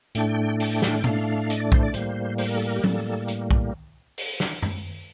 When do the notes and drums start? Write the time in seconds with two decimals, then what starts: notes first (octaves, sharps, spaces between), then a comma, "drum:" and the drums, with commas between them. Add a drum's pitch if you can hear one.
0.15 A2 A3 D4 G5, drum: hi-hat
0.60 G5, drum: open hi-hat
0.82 drum: snare
1.04 A2 A3 D4 F5, drum: tom B2
1.50 D#5, drum: hi-hat
1.60 D5
1.72 C5, drum: kick B1
1.83 D5
1.94 A2 G3 A#3 C5, drum: hi-hat
2.38 C5, drum: open hi-hat
2.48 A#4
2.57 A4
2.66 A#4
2.76 G4
2.84 A2 G3 A#3 A4, drum: tom F#3
3.28 drum: hi-hat
3.51 drum: kick B1
4.18 drum: open hi-hat
4.40 drum: snare
4.62 drum: tom F#2